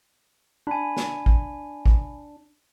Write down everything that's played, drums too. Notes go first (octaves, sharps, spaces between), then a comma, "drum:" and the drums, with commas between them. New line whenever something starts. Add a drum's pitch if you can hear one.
D4 G#5 B5
drum: snare
drum: kick
drum: kick